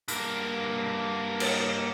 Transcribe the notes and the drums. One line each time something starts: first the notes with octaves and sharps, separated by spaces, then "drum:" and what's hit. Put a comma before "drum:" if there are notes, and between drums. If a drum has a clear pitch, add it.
G2 A#3, drum: hi-hat
drum: cymbal